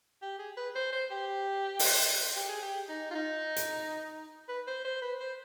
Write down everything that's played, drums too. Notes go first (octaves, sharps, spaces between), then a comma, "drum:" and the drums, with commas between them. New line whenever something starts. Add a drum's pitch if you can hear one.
G4
G#4
B4
C5
C5
G4
drum: open hi-hat
G4
G#4
G4
D#4
F4
D#4
drum: hi-hat
B4
C5
C5
B4
C5